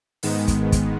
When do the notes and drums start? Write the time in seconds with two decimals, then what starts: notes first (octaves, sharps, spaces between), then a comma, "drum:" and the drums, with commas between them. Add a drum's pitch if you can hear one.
0.23 G#2 D#3 G#3 B3, drum: open hi-hat
0.48 drum: kick, hi-hat
0.72 drum: kick, hi-hat